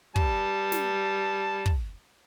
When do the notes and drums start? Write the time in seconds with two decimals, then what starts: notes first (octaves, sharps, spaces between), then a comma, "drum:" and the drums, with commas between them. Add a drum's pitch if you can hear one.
0.16 G3 A5, drum: kick
0.72 drum: snare
1.66 drum: kick